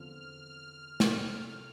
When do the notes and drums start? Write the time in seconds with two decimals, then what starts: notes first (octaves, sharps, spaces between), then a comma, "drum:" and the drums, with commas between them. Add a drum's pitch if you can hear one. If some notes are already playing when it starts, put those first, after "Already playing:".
Already playing: E2 D3 F3 C4 F6
0.42 F6
1.00 C3 F3 A3, drum: snare